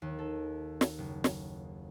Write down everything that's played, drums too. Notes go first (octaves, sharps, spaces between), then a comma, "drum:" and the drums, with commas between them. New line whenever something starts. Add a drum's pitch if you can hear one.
D#2
A4
drum: snare
F#1
drum: snare